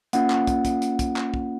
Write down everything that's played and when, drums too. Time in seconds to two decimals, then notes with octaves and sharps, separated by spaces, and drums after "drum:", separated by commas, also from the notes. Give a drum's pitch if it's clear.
0.13 A#3 C#4 F4 F#5, drum: hi-hat
0.30 drum: clap
0.47 drum: kick, hi-hat
0.65 drum: kick, hi-hat
0.82 drum: hi-hat
0.99 drum: kick, hi-hat
1.16 drum: clap
1.34 drum: kick